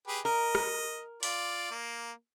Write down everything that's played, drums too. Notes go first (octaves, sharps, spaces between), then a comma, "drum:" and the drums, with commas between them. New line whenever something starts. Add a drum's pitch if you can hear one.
G4 G#4 B4
A#4 D#5
drum: rim click
F4 D5, drum: open hi-hat
A#3